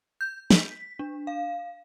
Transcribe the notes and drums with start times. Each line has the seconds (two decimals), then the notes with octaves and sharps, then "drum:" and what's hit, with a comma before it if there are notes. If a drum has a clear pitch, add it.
0.21 G6
0.51 B6, drum: snare
0.99 D4
1.27 F5